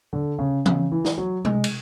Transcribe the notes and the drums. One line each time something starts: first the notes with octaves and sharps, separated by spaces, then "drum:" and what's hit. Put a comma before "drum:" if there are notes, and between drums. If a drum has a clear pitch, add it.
D3
C#3
C#3, drum: tom E3
E3
drum: snare
F#3
G#3, drum: tom B2
drum: cymbal